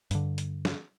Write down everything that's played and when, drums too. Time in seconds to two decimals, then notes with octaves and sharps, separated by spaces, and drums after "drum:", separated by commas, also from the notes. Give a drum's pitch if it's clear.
0.11 G2 D3, drum: hi-hat
0.38 drum: hi-hat
0.65 drum: snare